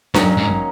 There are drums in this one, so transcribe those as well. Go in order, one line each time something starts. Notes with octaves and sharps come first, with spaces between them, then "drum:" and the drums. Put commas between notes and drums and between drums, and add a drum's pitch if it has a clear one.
F#2 D#3 F#3 A#3 C#4, drum: snare D4
G#2